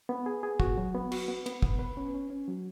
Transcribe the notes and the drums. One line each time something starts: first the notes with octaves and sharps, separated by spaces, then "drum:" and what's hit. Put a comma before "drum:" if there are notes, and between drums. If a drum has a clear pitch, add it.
B3
G#4
G#4
F#4, drum: kick
F#3
B3
F#4, drum: cymbal
B3
B3, drum: cymbal
B3, drum: kick
B4
C#4
C#4
C#4
F#3